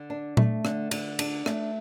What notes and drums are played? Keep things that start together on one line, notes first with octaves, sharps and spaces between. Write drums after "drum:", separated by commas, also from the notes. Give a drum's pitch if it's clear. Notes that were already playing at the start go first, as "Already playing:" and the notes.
Already playing: D3
D4
A3, drum: tom A#2
D3, drum: rim click
D3, drum: cymbal
D4, drum: cymbal
A3, drum: rim click